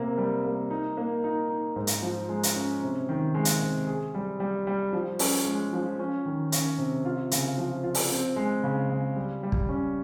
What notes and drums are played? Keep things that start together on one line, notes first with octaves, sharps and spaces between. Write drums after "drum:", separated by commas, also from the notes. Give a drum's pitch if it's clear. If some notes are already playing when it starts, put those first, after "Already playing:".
Already playing: C3 A#3
G3
A#3
D#4
A#3
D#4
D#4
G#2
drum: hi-hat
F3
G#3
drum: hi-hat
C#4
C3
D#3
G#3
drum: hi-hat
C3
G#4
G3
G3
G3
F3
C#4, drum: open hi-hat
G#3
F3
C#4
D#3
C#4, drum: hi-hat
C3
F4
C#3, drum: hi-hat
F3
F4
drum: open hi-hat
C4
G#3
C#3
C#3
G3
G3
drum: kick
C#4